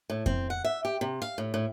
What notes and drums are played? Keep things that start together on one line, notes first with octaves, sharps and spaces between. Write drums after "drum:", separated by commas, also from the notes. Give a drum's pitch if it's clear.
A2
C4, drum: kick F2
F#5
E5
G4
C3
F5
A2
A2